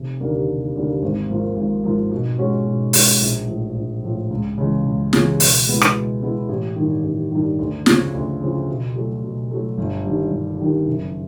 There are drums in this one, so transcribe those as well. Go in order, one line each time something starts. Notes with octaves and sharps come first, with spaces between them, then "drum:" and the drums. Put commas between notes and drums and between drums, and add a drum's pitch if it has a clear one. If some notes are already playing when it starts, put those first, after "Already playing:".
Already playing: F1
D#2 D3 G3 A#3
F1
D#2 D3 G3 A#3
G#1
G#2 F3 A#3
G#1
G#2 F3 A#3
B2
G#3 C#4 F#4
B2
G#3 C#4 F#4, drum: open hi-hat
A#1
A2 F3
A#1
A2 F3
C#2
C#3 E3 G#3
C#2
C#3 E3 G#3, drum: snare
B2, drum: open hi-hat
G#3 B3 E4
drum: rim click
B2
G#3 B3 E4
A1
G2 D#3
A1
G2 D#3
D2
C#3 F3, drum: snare
D2
C#3 F3
B2
F#3 A3
B2
F#3 A3
G1
G2 D#3 G3
G1
G2 D#3 G3
F#1